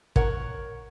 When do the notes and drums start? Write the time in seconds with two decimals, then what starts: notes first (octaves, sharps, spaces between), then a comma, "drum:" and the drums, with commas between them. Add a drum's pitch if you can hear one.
0.16 A#4 C#5 F#5 C#6, drum: kick